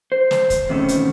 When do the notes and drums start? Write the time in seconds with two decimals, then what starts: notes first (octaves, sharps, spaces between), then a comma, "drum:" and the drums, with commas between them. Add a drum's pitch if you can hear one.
0.12 C5
0.31 drum: snare
0.50 drum: kick, hi-hat
0.69 E2 C3 D#3 A3 C#4
0.88 drum: hi-hat